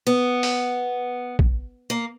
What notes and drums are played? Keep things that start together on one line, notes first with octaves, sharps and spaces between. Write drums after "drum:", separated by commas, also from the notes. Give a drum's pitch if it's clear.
B3
drum: open hi-hat
drum: kick
A#3